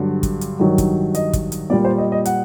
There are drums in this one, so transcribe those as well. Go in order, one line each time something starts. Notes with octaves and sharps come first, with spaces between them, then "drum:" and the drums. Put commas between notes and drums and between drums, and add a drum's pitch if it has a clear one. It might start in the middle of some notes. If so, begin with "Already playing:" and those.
Already playing: G2 D3 F#3
drum: kick, hi-hat
drum: hi-hat
G2 D#3 F#3
drum: kick, hi-hat
D#5, drum: hi-hat
drum: kick, hi-hat
drum: hi-hat
A#2 G3 D5
C5
D#5
D#5
F#5, drum: hi-hat